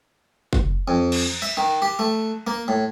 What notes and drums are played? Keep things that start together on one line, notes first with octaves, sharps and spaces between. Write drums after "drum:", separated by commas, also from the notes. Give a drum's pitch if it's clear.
drum: kick
F2
drum: cymbal
E5
D#3
G4
A3
A#3
A2